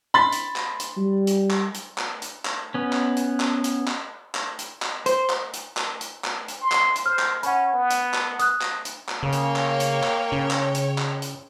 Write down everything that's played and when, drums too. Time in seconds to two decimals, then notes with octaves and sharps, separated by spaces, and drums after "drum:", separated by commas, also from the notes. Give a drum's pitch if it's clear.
0.14 B5 C6 A6
0.32 drum: hi-hat
0.56 drum: clap
0.80 drum: hi-hat
0.97 G3
1.27 drum: hi-hat
1.51 drum: clap
1.74 drum: hi-hat
1.98 drum: clap
2.22 drum: hi-hat
2.45 drum: clap
2.74 B3 C#4
2.93 drum: clap
3.17 drum: hi-hat
3.40 drum: clap
3.64 drum: hi-hat
3.88 drum: clap
4.35 drum: clap
4.59 drum: hi-hat
4.82 drum: clap
5.06 C5, drum: hi-hat
5.30 drum: clap
5.53 drum: hi-hat
5.77 drum: clap
6.01 drum: hi-hat
6.24 drum: clap
6.48 drum: hi-hat
6.61 C6
6.72 drum: clap
6.96 drum: hi-hat
7.06 C5 F6
7.19 drum: clap
7.43 C#4 F#5 B5, drum: hi-hat
7.74 B3
7.90 drum: hi-hat
8.14 drum: clap
8.39 D#6 F#6, drum: hi-hat
8.61 drum: clap
8.85 drum: hi-hat
9.09 drum: clap
9.23 C#3 A#3 C#5 G5
9.32 drum: hi-hat
9.56 drum: clap
9.80 drum: hi-hat
10.04 drum: clap
10.32 C#3
10.51 drum: clap
10.75 drum: hi-hat
10.98 drum: clap
11.22 drum: hi-hat